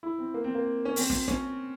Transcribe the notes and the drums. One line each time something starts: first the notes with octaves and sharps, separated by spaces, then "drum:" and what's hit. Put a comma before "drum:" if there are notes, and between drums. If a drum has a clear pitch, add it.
E4
C4
A#3
C4
A#3
C#4
C4, drum: open hi-hat
drum: snare
C#4, drum: snare